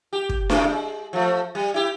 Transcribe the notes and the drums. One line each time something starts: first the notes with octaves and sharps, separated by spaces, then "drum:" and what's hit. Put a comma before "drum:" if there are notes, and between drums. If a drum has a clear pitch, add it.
G4
drum: kick
A2 C3 A3, drum: snare D4
G#3
F3 A3
G3
E4 G4